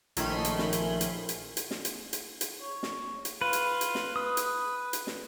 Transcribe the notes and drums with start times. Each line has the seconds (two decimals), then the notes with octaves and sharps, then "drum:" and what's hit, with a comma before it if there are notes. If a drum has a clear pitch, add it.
0.17 A#1 D#3 A3 C#4 B5 C6, drum: hi-hat
0.45 drum: hi-hat
0.59 drum: snare
0.73 drum: hi-hat
1.01 drum: hi-hat
1.29 drum: hi-hat
1.57 drum: hi-hat
1.71 drum: snare
1.85 drum: hi-hat
2.13 drum: hi-hat
2.41 drum: hi-hat
2.61 C#5
2.83 drum: snare
3.25 drum: hi-hat
3.41 F4 B4
3.53 drum: hi-hat
3.81 drum: hi-hat
3.95 drum: snare
4.16 B4 D#6
4.37 drum: hi-hat
4.93 drum: hi-hat
5.07 drum: snare